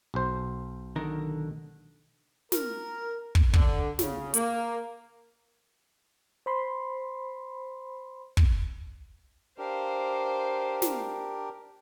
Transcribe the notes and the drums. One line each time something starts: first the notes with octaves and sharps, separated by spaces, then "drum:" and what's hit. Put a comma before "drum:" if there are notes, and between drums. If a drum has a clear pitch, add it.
B1 C5
D3 D#3 A#4
A#4, drum: snare
drum: kick
D3, drum: kick
C#3, drum: snare
A#3, drum: hi-hat
C5 B5 C6
drum: kick
D4 G4 A#4 C5 F5
drum: snare